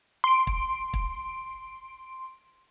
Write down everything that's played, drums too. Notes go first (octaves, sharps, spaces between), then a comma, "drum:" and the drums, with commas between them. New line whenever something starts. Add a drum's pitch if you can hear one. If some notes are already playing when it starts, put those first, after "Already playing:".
C6 D7
drum: kick
drum: kick